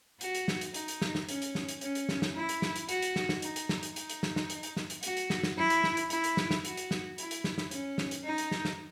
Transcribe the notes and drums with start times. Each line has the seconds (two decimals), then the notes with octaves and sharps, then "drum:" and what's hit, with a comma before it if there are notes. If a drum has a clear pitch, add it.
0.21 F#4, drum: hi-hat
0.35 drum: hi-hat
0.48 drum: snare
0.61 drum: hi-hat
0.74 D#4, drum: hi-hat
0.88 drum: hi-hat
1.02 drum: snare
1.15 drum: snare
1.29 C#4, drum: hi-hat
1.42 drum: hi-hat
1.55 drum: snare
1.69 drum: hi-hat
1.81 C#4, drum: hi-hat
1.95 drum: hi-hat
2.09 drum: snare
2.22 drum: snare
2.35 E4
2.49 drum: hi-hat
2.62 drum: snare
2.76 drum: hi-hat
2.89 F#4, drum: hi-hat
3.02 drum: hi-hat
3.16 drum: snare
3.29 drum: snare
3.42 D#4, drum: hi-hat
3.56 drum: hi-hat
3.69 drum: snare
3.83 drum: hi-hat
3.96 D#4, drum: hi-hat
4.10 drum: hi-hat
4.23 drum: snare
4.36 drum: snare
4.50 drum: hi-hat
4.63 drum: hi-hat
4.77 drum: snare
4.90 drum: hi-hat
5.03 F#4, drum: hi-hat
5.17 drum: hi-hat
5.30 drum: snare
5.43 drum: snare
5.57 E4
5.70 drum: hi-hat
5.84 drum: snare
5.97 drum: hi-hat
6.10 E4, drum: hi-hat
6.24 drum: hi-hat
6.37 drum: snare
6.51 drum: snare
6.65 F#4, drum: hi-hat
6.77 drum: hi-hat
6.91 drum: snare
7.18 E4, drum: hi-hat
7.31 drum: hi-hat
7.44 drum: snare
7.58 drum: snare
7.71 C#4, drum: hi-hat
7.98 drum: snare
8.11 drum: hi-hat
8.25 D#4
8.38 drum: hi-hat
8.51 drum: snare
8.65 drum: snare